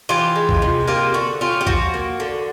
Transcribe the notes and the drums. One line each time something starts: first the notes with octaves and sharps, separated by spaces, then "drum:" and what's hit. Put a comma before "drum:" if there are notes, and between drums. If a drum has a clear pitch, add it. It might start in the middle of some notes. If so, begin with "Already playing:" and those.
E3 F4 G4
G#3
drum: kick A1
C3
A#3 F4 G4
D3 F#4
C#4 F4 G4
G4
F3 F#4, drum: kick A1
A#3
D3